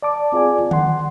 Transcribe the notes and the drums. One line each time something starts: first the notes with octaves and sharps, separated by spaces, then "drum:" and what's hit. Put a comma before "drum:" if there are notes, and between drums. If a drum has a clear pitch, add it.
D5 A5 D6
C4 F4 G#4 D5 G#5
F#5 C6, drum: tom D3